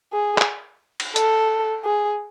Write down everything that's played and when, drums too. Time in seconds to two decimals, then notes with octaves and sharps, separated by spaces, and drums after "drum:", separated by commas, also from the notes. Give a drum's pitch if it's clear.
0.13 G#4
0.38 drum: clap
1.00 drum: cymbal
1.16 A4, drum: hi-hat
1.84 G#4